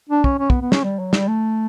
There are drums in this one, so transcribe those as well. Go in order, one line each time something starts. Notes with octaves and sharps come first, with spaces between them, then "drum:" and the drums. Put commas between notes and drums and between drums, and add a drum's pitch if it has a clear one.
D4
C#4, drum: kick
C#4
B3, drum: kick
B3
C#4, drum: snare
G3
F#3
G3, drum: snare
A3